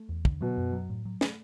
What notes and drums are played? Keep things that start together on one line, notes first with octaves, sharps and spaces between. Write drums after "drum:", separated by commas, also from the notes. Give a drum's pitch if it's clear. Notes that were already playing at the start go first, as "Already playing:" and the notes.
Already playing: A3
E2
D3, drum: kick
B2 F#3
F#2
F#3
A2
F#3
A3, drum: snare